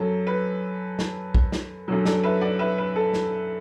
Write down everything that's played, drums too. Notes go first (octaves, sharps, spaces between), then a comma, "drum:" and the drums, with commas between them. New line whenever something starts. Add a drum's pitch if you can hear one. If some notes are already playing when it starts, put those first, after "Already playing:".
Already playing: F#2 F#3 A4
B4
drum: snare
drum: kick B1
drum: snare
F#2 D3 F#3
A4 D5, drum: snare
B4 E5
D5 F#5
B4 E5
B4
A4
drum: snare